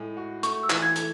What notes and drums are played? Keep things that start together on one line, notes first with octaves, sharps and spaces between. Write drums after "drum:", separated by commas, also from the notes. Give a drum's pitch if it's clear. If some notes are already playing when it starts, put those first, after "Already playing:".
Already playing: A2 G#3
F#4
A3 C#6, drum: hi-hat
E6
E3, drum: clap
G#6
A4, drum: hi-hat